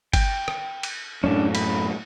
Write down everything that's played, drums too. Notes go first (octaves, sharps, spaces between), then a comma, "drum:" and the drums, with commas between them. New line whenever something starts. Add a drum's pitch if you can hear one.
G5, drum: kick G1, cymbal
drum: rim click
drum: cymbal
F#2 A2 C#4 D4
B5, drum: cymbal